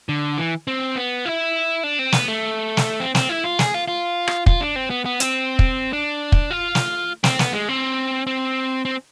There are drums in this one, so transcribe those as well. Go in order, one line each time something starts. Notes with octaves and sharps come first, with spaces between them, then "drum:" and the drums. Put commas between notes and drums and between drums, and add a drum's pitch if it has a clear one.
D3
E3
C4
B3
E4
D4
C4
B3, drum: snare
A3
drum: snare
C4
C4, drum: snare
E4
F4
G#4, drum: snare
F4
F4
drum: rim click
F4, drum: kick
D4
C4
B3
B3
C4, drum: hi-hat
drum: kick
D4
drum: kick
F4
drum: snare
C4, drum: snare
B3, drum: snare
G#3
C4
C4
C4